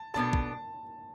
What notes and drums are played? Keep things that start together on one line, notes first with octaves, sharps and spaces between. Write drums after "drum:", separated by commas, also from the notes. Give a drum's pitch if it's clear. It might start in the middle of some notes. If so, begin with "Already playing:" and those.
Already playing: A5
B2 B3 D4 A4 A5
drum: kick